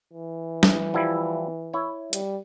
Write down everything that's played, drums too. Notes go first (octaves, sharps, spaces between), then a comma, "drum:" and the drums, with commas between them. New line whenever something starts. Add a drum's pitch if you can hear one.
E3
drum: snare
F3 G3 E4
E4 C#5
G3, drum: hi-hat